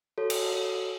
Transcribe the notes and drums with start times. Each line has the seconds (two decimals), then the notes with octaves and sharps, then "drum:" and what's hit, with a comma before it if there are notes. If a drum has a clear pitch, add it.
0.18 F#4 A4 C#5
0.30 drum: cymbal
0.52 F#4 A4 C#5